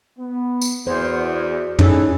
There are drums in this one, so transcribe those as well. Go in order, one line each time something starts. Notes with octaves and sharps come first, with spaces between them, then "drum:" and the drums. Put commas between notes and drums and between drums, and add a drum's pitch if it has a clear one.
B3
drum: tambourine
E2 F#4 C5 D5
E3 C#4 D#4 G#4 A4, drum: tom